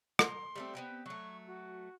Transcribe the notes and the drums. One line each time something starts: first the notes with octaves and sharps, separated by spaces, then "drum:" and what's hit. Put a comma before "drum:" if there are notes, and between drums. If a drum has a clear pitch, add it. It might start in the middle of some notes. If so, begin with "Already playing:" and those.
A#5 C6, drum: rim click
G3 A3 C4
B3 C4 G4
F#3 A3 C#6
F#4